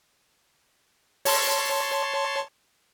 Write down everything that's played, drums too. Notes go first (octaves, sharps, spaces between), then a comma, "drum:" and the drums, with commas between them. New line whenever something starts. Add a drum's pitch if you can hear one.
C#5 A5 C6, drum: open hi-hat